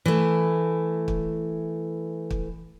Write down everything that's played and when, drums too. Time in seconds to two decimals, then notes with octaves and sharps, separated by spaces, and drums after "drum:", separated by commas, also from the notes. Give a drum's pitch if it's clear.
0.06 E3 A3
1.08 drum: kick
2.31 drum: kick